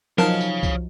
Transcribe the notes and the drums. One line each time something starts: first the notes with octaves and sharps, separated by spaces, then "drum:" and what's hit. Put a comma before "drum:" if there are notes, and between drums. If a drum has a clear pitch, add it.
F3 F#3 D#4 A#4 C#5 F5 A5 F6, drum: snare
drum: tambourine
drum: kick C2, tambourine